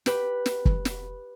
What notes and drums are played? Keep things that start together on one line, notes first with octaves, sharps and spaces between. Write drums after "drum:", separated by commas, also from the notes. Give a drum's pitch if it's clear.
G4 B4, drum: snare
drum: snare
drum: kick
drum: snare